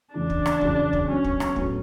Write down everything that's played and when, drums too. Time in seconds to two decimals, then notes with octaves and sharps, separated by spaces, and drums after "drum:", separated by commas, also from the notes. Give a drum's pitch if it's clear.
0.14 E2 C#3 E3 G#3 D4
0.30 drum: kick
0.46 drum: rim click
0.61 E2 C#3 F#3, drum: kick
0.93 drum: kick
1.08 F#3 B3 C#4 D4
1.24 drum: kick
1.40 drum: rim click
1.56 A2 F#3 B3, drum: kick